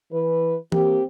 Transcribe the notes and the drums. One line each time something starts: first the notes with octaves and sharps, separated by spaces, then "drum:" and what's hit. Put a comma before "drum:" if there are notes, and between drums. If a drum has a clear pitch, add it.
E3 B4
A#3 C4 G4, drum: tom E3